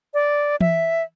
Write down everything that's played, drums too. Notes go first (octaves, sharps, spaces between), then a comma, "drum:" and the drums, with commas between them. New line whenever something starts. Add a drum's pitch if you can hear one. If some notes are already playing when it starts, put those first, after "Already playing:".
D5
E5, drum: tom E3